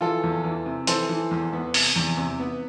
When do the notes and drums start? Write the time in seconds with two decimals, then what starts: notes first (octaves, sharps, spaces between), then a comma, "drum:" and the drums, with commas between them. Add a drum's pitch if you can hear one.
0.01 E3 F4 A4
0.23 E2
0.44 E3
0.66 C3
0.87 E3 A4 C5, drum: hi-hat
1.09 E3
1.31 E2
1.53 B3
1.74 C3, drum: open hi-hat
1.96 E2
2.18 C3
2.39 B3